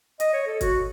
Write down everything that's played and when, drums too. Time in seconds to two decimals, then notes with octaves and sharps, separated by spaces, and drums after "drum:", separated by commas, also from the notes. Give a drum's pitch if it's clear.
0.20 D#5, drum: hi-hat
0.33 C#5
0.46 A4
0.61 F#4, drum: kick, hi-hat